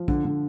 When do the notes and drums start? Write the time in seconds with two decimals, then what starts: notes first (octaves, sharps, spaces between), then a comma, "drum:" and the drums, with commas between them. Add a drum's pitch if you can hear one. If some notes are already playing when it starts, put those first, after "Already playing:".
Already playing: F3
0.08 D3, drum: kick
0.25 D3